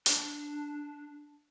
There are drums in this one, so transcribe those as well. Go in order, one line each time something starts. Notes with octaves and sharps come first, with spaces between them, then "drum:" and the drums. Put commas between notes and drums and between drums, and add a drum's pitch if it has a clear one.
D4, drum: hi-hat